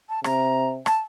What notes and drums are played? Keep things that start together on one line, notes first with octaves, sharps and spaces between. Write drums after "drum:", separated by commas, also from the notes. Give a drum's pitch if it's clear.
A5
C3 A#5, drum: rim click
A5, drum: rim click